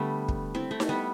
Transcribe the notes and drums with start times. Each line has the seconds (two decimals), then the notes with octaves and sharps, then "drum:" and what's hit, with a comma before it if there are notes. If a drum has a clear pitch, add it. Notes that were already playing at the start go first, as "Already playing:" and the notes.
Already playing: D3 G3 A3 B3
0.29 drum: kick
0.55 C4 E4
0.71 A3 C4
0.80 drum: snare D#4
0.89 G3 B3